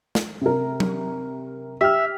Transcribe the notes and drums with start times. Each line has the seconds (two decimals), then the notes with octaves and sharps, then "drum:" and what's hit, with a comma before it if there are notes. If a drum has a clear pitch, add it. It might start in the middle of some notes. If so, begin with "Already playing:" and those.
0.15 drum: snare
0.41 C3 A#4
0.80 drum: tom F#3
1.81 G4 E5 F6